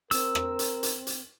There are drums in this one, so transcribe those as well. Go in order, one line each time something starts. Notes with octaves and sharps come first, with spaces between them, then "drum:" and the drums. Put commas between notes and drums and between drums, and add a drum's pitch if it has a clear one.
C4 A#4 E6, drum: hi-hat
drum: rim click
drum: hi-hat
drum: hi-hat
drum: hi-hat